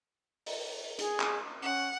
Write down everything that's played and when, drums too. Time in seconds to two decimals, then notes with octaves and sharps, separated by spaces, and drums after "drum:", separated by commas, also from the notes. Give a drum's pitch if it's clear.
0.46 drum: open hi-hat
0.99 G#4, drum: hi-hat
1.20 drum: clap
1.62 C#4 F#5